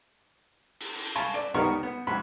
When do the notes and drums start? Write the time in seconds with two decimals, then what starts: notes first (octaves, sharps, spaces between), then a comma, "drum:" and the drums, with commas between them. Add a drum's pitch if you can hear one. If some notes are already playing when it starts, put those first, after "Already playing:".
0.80 drum: cymbal
0.95 drum: cymbal
1.15 F5 G#5 A5 B5 C#6, drum: hi-hat
1.34 D5, drum: hi-hat
1.54 C#2 G3 B3 D#4 A#4 C#6
1.83 B3
2.07 F2 G#2 F#4 B5